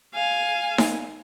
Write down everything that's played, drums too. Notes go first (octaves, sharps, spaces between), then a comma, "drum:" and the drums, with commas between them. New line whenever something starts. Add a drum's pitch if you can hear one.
F5 G#5
drum: snare D#4